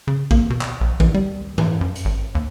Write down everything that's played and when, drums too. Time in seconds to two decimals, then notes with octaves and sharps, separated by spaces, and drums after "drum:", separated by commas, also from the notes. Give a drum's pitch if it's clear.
0.07 C#3
0.31 A#3, drum: kick A1
0.50 B2
0.61 drum: clap
0.81 A#1
1.00 E3, drum: kick A1
1.14 G3
1.58 E3, drum: tom G2
1.81 F#2
1.96 drum: hi-hat
2.05 G#1
2.35 D#2